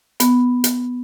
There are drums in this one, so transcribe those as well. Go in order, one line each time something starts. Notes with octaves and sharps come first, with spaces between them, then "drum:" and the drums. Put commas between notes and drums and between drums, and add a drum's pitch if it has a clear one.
B3, drum: hi-hat
drum: hi-hat